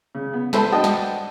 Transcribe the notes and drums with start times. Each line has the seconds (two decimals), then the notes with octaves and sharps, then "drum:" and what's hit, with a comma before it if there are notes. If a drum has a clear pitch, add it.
0.15 C#3
0.33 B3
0.53 A4 B4 C5 E5 A5, drum: snare
0.72 D4 F#4 D#5 G5 A5
0.84 drum: snare